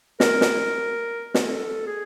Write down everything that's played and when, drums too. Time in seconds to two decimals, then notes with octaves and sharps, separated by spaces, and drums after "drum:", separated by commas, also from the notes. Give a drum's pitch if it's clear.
0.20 A#4, drum: snare
0.41 drum: snare
1.34 drum: snare
1.45 A4
1.87 G#4